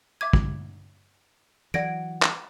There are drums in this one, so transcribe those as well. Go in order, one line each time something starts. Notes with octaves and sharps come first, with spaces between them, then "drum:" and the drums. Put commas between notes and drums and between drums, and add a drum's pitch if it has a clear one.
E5 D6 G#6
drum: kick
E3 F#3 D5 F#5 G#6 A#6 D7
drum: clap